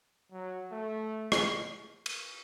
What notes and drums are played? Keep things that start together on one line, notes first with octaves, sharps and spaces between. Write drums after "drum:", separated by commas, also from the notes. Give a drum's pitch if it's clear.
F#3
A3
drum: rim click
drum: cymbal